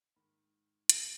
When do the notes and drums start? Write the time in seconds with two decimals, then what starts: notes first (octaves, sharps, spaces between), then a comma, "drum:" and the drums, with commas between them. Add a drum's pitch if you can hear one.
0.16 G#2 D#3 B5
0.89 F#2 C#3 A#5, drum: hi-hat